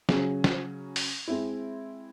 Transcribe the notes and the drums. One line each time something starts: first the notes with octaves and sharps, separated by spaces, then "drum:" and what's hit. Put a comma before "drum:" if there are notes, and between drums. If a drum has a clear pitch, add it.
C#3 F#3 C#4 G#4, drum: snare
drum: snare
drum: open hi-hat
G#3 C4 E4